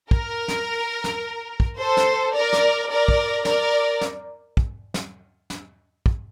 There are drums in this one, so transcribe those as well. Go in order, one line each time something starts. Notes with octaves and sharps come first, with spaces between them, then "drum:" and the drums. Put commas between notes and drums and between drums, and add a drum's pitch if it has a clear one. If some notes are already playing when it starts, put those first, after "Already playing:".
A#4, drum: kick
drum: snare
drum: snare
drum: kick
A4 C5
drum: snare
A#4 D5
drum: snare
A#4 D5
drum: kick
A#4 D5, drum: snare
drum: snare
drum: kick
drum: snare
drum: snare
drum: kick